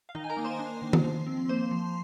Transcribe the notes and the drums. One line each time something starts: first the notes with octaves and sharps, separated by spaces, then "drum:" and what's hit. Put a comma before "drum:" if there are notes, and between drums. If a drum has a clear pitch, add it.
F5
D#3 D#4 D#5
G#5
A#4 A#5
A#3
C5 C6
D4
D#3
drum: tom D#3
F3
C4
A#3 C5 C6
F3